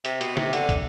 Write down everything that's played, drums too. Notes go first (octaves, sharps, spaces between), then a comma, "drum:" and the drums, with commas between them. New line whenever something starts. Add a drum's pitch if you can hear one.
C3, drum: hi-hat
B2, drum: hi-hat
C3, drum: snare
D3, drum: hi-hat
drum: kick, hi-hat